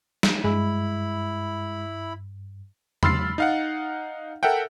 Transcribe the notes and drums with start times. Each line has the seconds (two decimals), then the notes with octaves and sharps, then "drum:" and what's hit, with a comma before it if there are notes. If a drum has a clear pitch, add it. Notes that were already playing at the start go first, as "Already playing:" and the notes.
0.23 drum: snare
0.44 G2 G#3 E4 B5
3.03 B5 C6 E6 F6 A6 C7, drum: tom
3.38 D#4 F5 F#5
4.43 A4 A#4 E5 F#5 G5